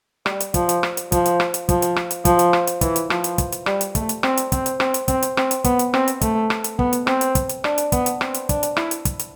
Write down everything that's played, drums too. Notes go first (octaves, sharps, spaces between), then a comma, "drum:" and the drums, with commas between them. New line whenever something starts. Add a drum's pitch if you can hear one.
G3, drum: rim click
drum: hi-hat
F3, drum: kick, hi-hat
drum: hi-hat
drum: rim click
drum: hi-hat
F3, drum: kick, hi-hat
drum: hi-hat
drum: rim click
drum: hi-hat
F3, drum: kick, hi-hat
drum: hi-hat
drum: rim click
drum: hi-hat
F3, drum: kick, hi-hat
drum: hi-hat
drum: rim click
drum: hi-hat
E3, drum: kick, hi-hat
drum: hi-hat
F3, drum: rim click
drum: hi-hat
drum: kick, hi-hat
drum: hi-hat
G3, drum: rim click
drum: hi-hat
A3, drum: kick, hi-hat
drum: hi-hat
C4, drum: rim click
drum: hi-hat
C4, drum: kick, hi-hat
drum: hi-hat
C4, drum: rim click
drum: hi-hat
C4, drum: kick, hi-hat
drum: hi-hat
C4, drum: rim click
drum: hi-hat
B3, drum: kick, hi-hat
drum: hi-hat
C4, drum: rim click
drum: hi-hat
A3, drum: kick, hi-hat
drum: rim click
drum: hi-hat
B3, drum: kick
drum: hi-hat
C4, drum: rim click
drum: hi-hat
drum: kick, hi-hat
drum: hi-hat
D4, drum: rim click
drum: hi-hat
B3, drum: kick, hi-hat
drum: hi-hat
C4, drum: rim click
drum: hi-hat
D4, drum: kick, hi-hat
drum: hi-hat
E4, drum: rim click
drum: hi-hat
drum: kick, hi-hat
drum: hi-hat